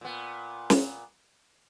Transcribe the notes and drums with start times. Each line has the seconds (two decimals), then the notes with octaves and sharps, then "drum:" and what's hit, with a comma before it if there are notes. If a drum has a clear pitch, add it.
0.01 A#2 B3
0.70 drum: snare